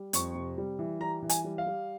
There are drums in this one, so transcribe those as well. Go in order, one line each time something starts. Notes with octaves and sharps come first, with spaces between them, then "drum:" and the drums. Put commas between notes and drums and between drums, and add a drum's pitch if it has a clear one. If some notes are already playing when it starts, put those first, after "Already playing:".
Already playing: G3
F2 C#6, drum: hi-hat
C3
G3
E3
G3 A#5
E3
G#5, drum: hi-hat
G3
F5
G3